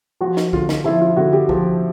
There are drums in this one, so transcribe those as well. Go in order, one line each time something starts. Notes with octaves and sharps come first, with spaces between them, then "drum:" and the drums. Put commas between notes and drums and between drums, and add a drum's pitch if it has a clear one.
F3 F#4
drum: snare
D3 F4, drum: kick
drum: snare
F3 E4
F4
D3 F#4
G4
F3, drum: kick